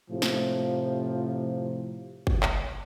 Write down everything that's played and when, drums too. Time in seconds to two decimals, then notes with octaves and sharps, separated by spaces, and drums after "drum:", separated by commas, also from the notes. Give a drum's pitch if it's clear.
0.10 A2 C3 F3
0.22 drum: snare
2.27 drum: kick
2.43 drum: clap